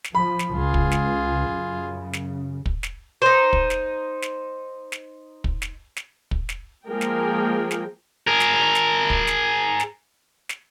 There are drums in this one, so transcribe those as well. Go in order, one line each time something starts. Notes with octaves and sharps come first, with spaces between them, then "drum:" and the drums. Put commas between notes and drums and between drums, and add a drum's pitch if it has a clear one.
drum: snare
F3 B5
drum: snare
C#2 F4 G#4
drum: kick
drum: snare
F#2 C#3
drum: snare
drum: kick
drum: snare
D#4 C5
drum: kick
drum: snare
drum: snare
drum: snare
drum: kick
drum: snare
drum: snare
drum: kick
drum: snare
F3 G#3 A#3 G#4 A#4 G5
drum: snare
drum: snare
G#4 A#4
drum: snare
drum: snare
drum: kick
drum: snare
drum: snare
drum: snare